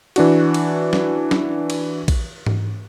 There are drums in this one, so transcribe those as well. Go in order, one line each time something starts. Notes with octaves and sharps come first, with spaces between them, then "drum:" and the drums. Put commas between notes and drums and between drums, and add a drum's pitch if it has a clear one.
E3 D4 F#4, drum: cymbal
drum: cymbal
drum: snare
drum: snare
drum: cymbal
drum: kick A#1, cymbal
drum: tom G#2